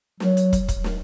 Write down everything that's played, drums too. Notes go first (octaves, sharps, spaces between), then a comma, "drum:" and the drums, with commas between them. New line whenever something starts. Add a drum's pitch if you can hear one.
F#3, drum: snare
drum: hi-hat
drum: kick, hi-hat
drum: kick, hi-hat
drum: snare